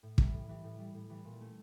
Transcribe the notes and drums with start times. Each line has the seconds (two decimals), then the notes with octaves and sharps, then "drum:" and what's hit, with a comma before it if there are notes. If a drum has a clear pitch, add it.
0.03 A2
0.18 E3 G3, drum: kick
0.33 A2
0.48 E3 G3
0.64 A2
0.79 E3 G3
0.94 A2
1.10 E3 G3
1.25 A#2
1.40 A3 C#4